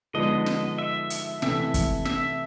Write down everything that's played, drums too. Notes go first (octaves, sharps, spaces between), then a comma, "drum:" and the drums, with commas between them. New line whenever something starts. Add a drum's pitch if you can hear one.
D3 F3 G#3 B3 D#4 D#5
drum: snare
E5
drum: hi-hat
C3 E3 A3 E5, drum: snare
drum: kick, hi-hat
E5, drum: snare